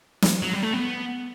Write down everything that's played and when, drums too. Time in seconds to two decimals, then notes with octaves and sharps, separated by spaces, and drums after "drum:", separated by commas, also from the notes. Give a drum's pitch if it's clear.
0.22 drum: snare
0.42 F#3
0.53 G3
0.62 A3
0.73 B3